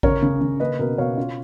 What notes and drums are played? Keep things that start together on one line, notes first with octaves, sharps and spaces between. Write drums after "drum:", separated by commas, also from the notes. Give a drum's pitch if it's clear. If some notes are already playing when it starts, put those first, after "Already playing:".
C#3 A#4 C#5, drum: kick A1
C#3
C#3
A#3 B4 D#5
B2 A#4
B2 C#5 F5
F4